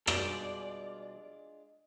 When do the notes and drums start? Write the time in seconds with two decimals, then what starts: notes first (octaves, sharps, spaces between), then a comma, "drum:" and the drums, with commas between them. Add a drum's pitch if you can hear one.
0.07 B2 G3 G#3 D4 F4 D5, drum: rim click